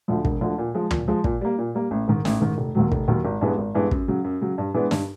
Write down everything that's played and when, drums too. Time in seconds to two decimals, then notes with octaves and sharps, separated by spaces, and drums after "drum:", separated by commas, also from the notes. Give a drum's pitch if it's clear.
0.08 D2 D3 F3
0.25 E1, drum: kick
0.41 D2 D3 F3
0.58 A#2
0.75 F3 G#3
0.91 A#2, drum: tom
1.08 F3 G#3
1.24 A#2, drum: kick
1.41 G3 A#3
1.58 A#2
1.75 G3 A#3
1.91 A1
2.08 G#2 D#3
2.25 A1, drum: snare
2.41 G#2 D#3
2.58 F1
2.75 D#2 D#3 F#3
2.92 F1, drum: kick
3.08 D#2 D#3 F#3
3.25 G#1
3.41 G2 E3 G#3 B3
3.58 G#1
3.75 G2 E3 G#3 B3
3.91 F#2, drum: kick
4.08 C#3 F#3
4.24 F#2
4.41 C#3 F#3
4.58 G2
4.75 E3 G#3 B3 D4
4.91 G2, drum: snare